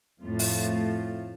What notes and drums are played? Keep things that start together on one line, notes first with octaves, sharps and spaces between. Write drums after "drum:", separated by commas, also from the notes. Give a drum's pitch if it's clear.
F2 A2 A3 F4
drum: open hi-hat